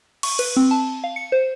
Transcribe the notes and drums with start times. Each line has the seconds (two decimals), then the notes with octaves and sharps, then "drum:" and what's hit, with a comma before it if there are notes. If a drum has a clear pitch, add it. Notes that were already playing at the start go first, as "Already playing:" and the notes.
0.23 C#6, drum: cymbal
0.39 B4, drum: cymbal
0.57 C4
0.71 A5
1.04 F5
1.16 C#7
1.32 C5